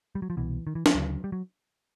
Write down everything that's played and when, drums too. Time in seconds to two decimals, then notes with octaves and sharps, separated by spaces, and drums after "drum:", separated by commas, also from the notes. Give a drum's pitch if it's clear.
0.15 G3
0.22 F#3
0.30 F3
0.37 C2 B2 E3
0.67 D#3
0.75 E3
0.86 F3, drum: snare
0.95 D2 C#3 F#3
1.24 G3
1.32 F#3